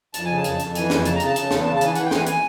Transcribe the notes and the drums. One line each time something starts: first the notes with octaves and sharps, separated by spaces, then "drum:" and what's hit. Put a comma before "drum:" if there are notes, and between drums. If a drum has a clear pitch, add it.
F2 A5, drum: hi-hat
C#3 G#5
A5
F2, drum: hi-hat
F2, drum: hi-hat
E3 G#5, drum: hi-hat
F2, drum: snare
C#3 A5, drum: hi-hat
A#5
C#3, drum: hi-hat
A5
C#3, drum: hi-hat
E2, drum: snare
C#3 A5
A5
E3 G#5, drum: hi-hat
E3 F#5, drum: hi-hat
G5
E3 G#5, drum: snare
G#5, drum: hi-hat